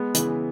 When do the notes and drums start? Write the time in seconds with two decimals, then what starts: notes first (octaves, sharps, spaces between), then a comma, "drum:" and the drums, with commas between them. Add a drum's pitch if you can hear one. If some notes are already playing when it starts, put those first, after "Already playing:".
Already playing: G#3 B3
0.14 C#3 E3, drum: hi-hat